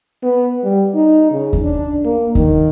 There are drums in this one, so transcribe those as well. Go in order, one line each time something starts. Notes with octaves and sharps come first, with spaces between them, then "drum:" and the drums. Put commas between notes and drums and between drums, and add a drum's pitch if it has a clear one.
B3
G3
D#4
C#3
drum: kick D#2
D4
A#3
D#3, drum: kick D#2